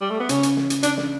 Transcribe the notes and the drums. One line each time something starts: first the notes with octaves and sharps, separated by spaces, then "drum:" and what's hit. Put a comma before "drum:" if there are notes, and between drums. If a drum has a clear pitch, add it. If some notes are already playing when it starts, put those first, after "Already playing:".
G3
A3
B3
C#3 C#4, drum: hi-hat
drum: hi-hat
drum: snare
drum: hi-hat
D4, drum: hi-hat
drum: snare